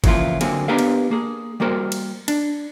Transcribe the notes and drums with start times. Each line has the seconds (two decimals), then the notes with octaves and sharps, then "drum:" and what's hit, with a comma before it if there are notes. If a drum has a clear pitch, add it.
0.04 C#3 E3 F3 A#3 E4 F4, drum: kick, cymbal
0.41 D3 F#3 A#3 C4 G#4, drum: cymbal
0.68 B3 D4 G4 A#4 B4 F5
0.79 drum: cymbal
1.11 A#3 G#4
1.60 G3 A#3 F#4 A#4 C5
1.92 drum: cymbal
2.28 D4, drum: cymbal